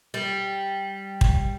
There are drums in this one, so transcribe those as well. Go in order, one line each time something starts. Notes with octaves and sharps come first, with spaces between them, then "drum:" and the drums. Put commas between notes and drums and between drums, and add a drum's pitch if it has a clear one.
G3
drum: kick